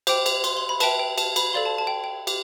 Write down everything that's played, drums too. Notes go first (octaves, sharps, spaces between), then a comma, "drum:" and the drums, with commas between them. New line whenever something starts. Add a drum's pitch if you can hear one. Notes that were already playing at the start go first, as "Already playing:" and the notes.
C5 G5 D6, drum: cymbal
drum: cymbal
C6, drum: cymbal
C6
B5
B4 E5 G5 A5, drum: cymbal
G5
A5, drum: cymbal
B5, drum: cymbal
A4 D5 F5 C6
A5
A5
G5
G5
G4, drum: cymbal